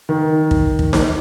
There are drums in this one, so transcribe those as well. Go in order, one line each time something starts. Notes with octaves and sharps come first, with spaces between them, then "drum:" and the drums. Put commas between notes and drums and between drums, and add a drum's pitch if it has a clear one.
D#3
drum: kick
drum: kick
drum: snare D#4